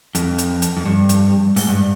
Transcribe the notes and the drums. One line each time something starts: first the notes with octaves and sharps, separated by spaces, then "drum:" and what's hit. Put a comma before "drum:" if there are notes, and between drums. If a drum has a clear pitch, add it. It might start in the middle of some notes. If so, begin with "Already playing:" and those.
F2, drum: hi-hat
drum: hi-hat
drum: hi-hat
F2
G2
drum: hi-hat
G#2, drum: open hi-hat
G2